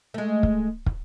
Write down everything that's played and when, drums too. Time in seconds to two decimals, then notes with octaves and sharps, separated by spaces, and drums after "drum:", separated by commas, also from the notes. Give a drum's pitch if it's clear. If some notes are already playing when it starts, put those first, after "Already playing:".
0.14 G#3 A3
0.43 drum: kick
0.86 drum: kick